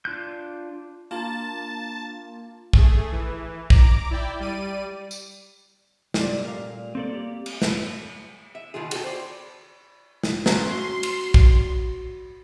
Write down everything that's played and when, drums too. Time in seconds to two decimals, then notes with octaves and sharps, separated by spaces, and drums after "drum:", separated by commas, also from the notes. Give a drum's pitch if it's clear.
0.05 D4 F4 F#6 G6
1.11 A#3 D4 F4 A5 A#5
2.73 A3 G#4, drum: kick A#1
3.12 E3
3.70 A#5 D6, drum: kick A#1
4.11 E4 D5 G5
4.40 G3 D5 D#7
5.11 drum: tambourine
6.14 C3 G3 A3 C4 D5, drum: snare
6.44 A#2 A#4 F5
6.95 A#3 C4 A4 D5
7.13 G4
7.46 drum: cymbal
7.62 drum: snare
8.55 E5
8.74 E2 B2 D#3 F4 G#4
8.91 F#4 G#4 A4 D#5 G5, drum: cymbal
9.04 C5 D5
10.24 drum: snare
10.46 F#3 C#4 F#4 C6, drum: snare
11.03 drum: cymbal
11.34 drum: kick A#1